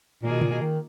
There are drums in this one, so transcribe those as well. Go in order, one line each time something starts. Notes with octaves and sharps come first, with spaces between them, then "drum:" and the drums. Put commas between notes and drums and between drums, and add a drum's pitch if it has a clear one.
A#2 D#3 A#3 F4 G#4
B2
A#2, drum: tom
B2
D#3